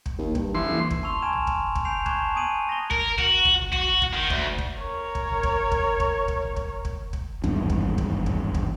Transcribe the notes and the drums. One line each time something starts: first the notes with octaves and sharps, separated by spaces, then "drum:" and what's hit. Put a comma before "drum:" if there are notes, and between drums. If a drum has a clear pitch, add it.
drum: kick
D#2
G2, drum: kick
E3 C6
F#1
drum: kick
A5 C6 C#6 E6 F7
G#5 A#5 C#6 F6 G#6 E7
drum: tom A#1
drum: kick
drum: kick
G#5 A#5 G6 C7 D7 F7
A5 C#6 D6 F#6 G#6 E7, drum: kick
G#5 D#6 G#6 D7 D#7 F#7
A5 A#6 F7 G7
A#4, drum: kick
F#4, drum: kick
drum: kick
drum: tom A#1
F#4, drum: kick
drum: kick
D#3
D2, drum: kick
drum: kick
A#4 C#5
drum: kick
drum: tom A#1
drum: kick
drum: kick
drum: kick
drum: kick
drum: tom A#1
drum: kick
drum: kick
drum: kick
G#1 E2 G2 D4, drum: kick
drum: kick
drum: kick
drum: kick
drum: kick